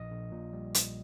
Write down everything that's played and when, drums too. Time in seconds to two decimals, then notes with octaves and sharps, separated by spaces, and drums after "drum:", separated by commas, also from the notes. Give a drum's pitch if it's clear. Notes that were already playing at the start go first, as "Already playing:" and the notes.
Already playing: A#1 D#5
0.11 A#1
0.32 A#2
0.53 G3
0.74 drum: hi-hat